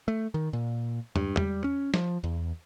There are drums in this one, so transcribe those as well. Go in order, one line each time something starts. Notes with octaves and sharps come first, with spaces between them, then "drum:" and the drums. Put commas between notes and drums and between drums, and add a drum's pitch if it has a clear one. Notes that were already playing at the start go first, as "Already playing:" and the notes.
A3
D#3
A#2
G2, drum: tom
G3, drum: tom
C#4
F3, drum: snare
E2